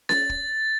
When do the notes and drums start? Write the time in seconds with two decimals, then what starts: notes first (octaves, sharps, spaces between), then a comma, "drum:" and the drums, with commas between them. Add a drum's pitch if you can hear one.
0.09 A6, drum: snare C#4
0.29 drum: kick